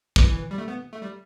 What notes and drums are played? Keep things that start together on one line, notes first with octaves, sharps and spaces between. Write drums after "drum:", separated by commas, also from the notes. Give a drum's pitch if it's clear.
E3, drum: kick
G3
A3
B3
A3
G3